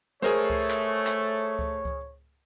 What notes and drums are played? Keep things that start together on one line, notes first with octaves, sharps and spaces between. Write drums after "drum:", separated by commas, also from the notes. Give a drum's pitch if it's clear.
A3 G#4 A#4 C5 C#5, drum: snare
drum: kick C#2
drum: clap
drum: clap
drum: kick C#2
drum: kick C#2